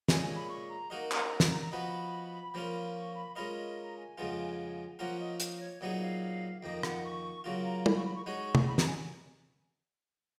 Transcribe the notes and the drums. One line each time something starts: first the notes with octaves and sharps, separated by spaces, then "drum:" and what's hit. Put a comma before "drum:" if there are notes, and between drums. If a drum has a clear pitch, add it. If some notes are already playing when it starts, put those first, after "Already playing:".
A#2 G#3 C#4 G#4 G#5, drum: snare
G#5
B5
C#6
A#5
A#3 D#4 F#4 A#4 D#5
A#5, drum: clap
drum: snare
A#5
F3 B3 F#4 B4 D#5 B5
F3 A#3 C#4 F4 A#4
C#6
B5
G#3 C#4 F4 A#4 D#5 B5
A#5
G#5
F2 C#3 G#3 B3 F4
F3 A#3 C#4 F4 A#4 F#5
D#5
D#5, drum: hi-hat
C#5
A#2 F#3 B3 D#4 G#4 D#5
F5
F2 D#3 A#3 D#5
F#5, drum: rim click
C#6
C#3 F#3 A#3 F4
A#5
B5, drum: tom
C#6
B5
C#6
G#3 D#4 F#4 C#5 C#6
drum: tom
B5
A#5, drum: snare
G#5